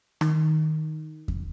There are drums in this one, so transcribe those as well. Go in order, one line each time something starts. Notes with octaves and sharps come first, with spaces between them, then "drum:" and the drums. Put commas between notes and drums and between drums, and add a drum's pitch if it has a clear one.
D#3, drum: rim click
drum: kick E2